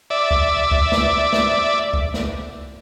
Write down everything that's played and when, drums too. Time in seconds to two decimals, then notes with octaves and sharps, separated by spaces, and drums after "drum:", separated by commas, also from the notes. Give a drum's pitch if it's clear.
0.10 D5 E5
0.31 drum: kick C2
0.71 drum: kick C2
0.92 drum: snare
1.33 drum: snare
1.94 drum: kick C2
2.14 drum: snare